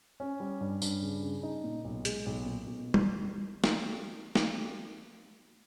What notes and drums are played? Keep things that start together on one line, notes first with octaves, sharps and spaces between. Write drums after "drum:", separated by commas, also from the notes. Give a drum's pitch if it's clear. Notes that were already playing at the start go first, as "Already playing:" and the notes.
C#4
G3
G2
G2, drum: tambourine
C#3
C#3
D#4
A#2
B1
G#3, drum: hi-hat
B1
A#2
B2
drum: tom G3
drum: snare
drum: snare